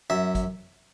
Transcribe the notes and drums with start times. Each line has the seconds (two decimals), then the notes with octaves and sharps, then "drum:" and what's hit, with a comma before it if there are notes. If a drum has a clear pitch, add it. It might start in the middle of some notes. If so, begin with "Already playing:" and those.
0.10 F#2 E5
0.35 drum: kick, hi-hat